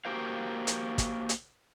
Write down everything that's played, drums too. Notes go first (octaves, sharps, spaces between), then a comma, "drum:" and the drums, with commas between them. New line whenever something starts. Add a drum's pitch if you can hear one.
A#3 F#4 G4 A#4 C5 F5
drum: hi-hat
drum: kick, hi-hat
drum: hi-hat